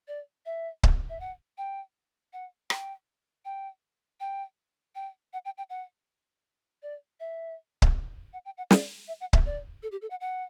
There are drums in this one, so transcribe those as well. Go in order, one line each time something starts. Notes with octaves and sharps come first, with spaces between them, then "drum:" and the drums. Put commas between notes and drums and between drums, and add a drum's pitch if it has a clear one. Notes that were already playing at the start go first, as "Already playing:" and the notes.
D5
E5
drum: kick C#1
E5
F#5
G5
F#5
G5, drum: rim click
G5
G5
G5
F#5
G5
G5
F#5
D5
E5
drum: kick C#1
F#5
G5
F#5
D5, drum: snare
E5
F#5
E5, drum: kick C#1
D5
A4
G4
A4
F#5
F#5